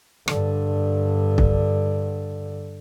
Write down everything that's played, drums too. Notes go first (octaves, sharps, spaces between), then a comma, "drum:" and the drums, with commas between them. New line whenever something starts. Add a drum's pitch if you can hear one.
G2 D3, drum: rim click
drum: kick